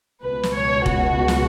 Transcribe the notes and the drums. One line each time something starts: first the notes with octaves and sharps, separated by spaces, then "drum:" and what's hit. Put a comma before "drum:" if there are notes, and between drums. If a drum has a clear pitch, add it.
C#2 B2 B4
drum: snare
C#5
F#4, drum: kick
drum: snare